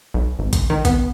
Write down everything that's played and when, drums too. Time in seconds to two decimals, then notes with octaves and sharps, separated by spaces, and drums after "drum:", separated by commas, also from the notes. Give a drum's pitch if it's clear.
0.14 B1
0.39 G#1
0.53 drum: kick A#1, hi-hat
0.70 D#3
0.85 B3, drum: kick A#1, hi-hat